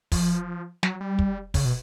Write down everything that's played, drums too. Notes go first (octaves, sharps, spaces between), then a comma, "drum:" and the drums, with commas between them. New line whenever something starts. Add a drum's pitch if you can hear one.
F3, drum: kick, open hi-hat
F#3, drum: snare
G3
drum: kick
C#3, drum: kick, open hi-hat
B2